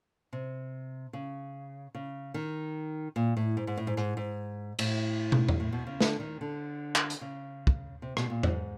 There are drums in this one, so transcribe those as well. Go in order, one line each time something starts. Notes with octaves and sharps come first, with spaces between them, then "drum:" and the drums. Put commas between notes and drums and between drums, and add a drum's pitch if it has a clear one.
C3
C#3
C#3
D#3
A#2
A2
G#2
G#2
A2
G#2
G#2
G#2
A2, drum: cymbal
drum: tom
drum: tom E2
A2
B2
C#3
D3, drum: snare
D#3
D3
drum: clap
drum: hi-hat
C#3
drum: kick
C3
B2, drum: rim click
A#2
G#2, drum: tom E2